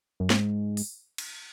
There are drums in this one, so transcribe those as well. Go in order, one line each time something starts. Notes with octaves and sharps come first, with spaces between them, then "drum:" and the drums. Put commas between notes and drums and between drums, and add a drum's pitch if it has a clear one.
F#2
G#2, drum: snare
drum: open hi-hat
drum: cymbal